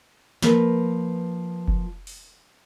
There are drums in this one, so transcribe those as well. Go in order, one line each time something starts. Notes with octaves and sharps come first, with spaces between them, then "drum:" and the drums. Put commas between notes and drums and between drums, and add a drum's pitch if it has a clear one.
F3 A#3 B4, drum: snare
drum: kick F1
drum: open hi-hat